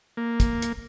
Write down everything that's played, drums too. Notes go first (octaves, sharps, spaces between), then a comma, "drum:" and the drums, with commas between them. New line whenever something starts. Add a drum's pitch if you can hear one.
A#3
drum: kick, hi-hat
drum: hi-hat